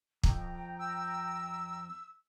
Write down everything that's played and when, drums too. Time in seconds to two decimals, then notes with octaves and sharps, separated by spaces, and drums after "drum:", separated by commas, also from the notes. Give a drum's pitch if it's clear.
0.23 F2 G5 A#5, drum: kick
0.80 E6